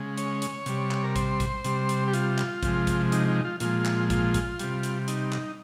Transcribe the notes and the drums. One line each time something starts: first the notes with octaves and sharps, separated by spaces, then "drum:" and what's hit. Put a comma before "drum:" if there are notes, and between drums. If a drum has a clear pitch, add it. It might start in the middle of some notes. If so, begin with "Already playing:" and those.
Already playing: C#3 G#3
C#5, drum: hi-hat
drum: hi-hat
C3 G3, drum: hi-hat
drum: clap
A#4
C5, drum: kick, hi-hat
drum: kick, hi-hat
C3 G3, drum: hi-hat
drum: hi-hat
G4
F4, drum: hi-hat
drum: clap
C3 F3 G#3, drum: kick, hi-hat
drum: kick, hi-hat
D#4, drum: hi-hat
D#4
F4
A#2 F3 G#3 F4, drum: hi-hat
drum: clap
F4, drum: kick, hi-hat
drum: kick, hi-hat
C3 G3, drum: hi-hat
drum: hi-hat
D#4, drum: hi-hat
drum: clap